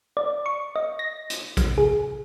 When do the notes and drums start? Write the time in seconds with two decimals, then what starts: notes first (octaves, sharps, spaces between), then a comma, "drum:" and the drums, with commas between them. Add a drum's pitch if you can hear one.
0.17 D5
0.46 C#6
0.76 D#5
0.99 A#6
1.30 drum: hi-hat
1.57 drum: kick, hi-hat
1.78 G#4